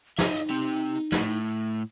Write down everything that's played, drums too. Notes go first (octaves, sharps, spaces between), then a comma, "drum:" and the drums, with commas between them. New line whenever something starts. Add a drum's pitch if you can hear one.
D#4 D#5 E5, drum: snare
drum: hi-hat
C4 G4
A2, drum: snare